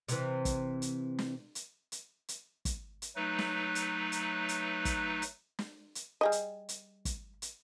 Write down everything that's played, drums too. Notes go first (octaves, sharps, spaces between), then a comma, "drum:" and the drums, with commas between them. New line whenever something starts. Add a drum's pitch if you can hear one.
C3 E3, drum: hi-hat
drum: kick, hi-hat
drum: hi-hat
drum: snare
drum: hi-hat
drum: hi-hat
drum: hi-hat
drum: kick, hi-hat
drum: hi-hat
F#3 A3 D#4 B4
drum: snare
drum: hi-hat
drum: hi-hat
drum: hi-hat
drum: kick, hi-hat
drum: hi-hat
drum: snare
drum: hi-hat
G3 G#4 D#5
drum: hi-hat
drum: hi-hat
drum: kick, hi-hat
drum: hi-hat